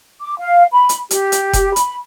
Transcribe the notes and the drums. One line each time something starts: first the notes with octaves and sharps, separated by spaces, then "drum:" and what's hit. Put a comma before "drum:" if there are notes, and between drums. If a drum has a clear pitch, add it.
D6
F5
B5
drum: hi-hat
G4, drum: hi-hat
drum: hi-hat
drum: kick F1, hi-hat
B5, drum: hi-hat